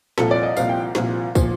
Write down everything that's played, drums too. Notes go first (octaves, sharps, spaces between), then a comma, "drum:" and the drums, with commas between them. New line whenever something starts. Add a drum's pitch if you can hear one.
C2 A#2 F3 A4, drum: snare
D5
D#5
C2 A#2 F3 F5, drum: tambourine
G5
C2 A#2 F3, drum: snare
A#2 F3, drum: kick, tambourine